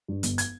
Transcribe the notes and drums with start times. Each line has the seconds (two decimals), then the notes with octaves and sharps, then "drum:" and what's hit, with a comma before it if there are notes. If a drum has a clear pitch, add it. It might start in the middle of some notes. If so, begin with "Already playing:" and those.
0.08 G2
0.23 G1, drum: hi-hat
0.38 G#6, drum: hi-hat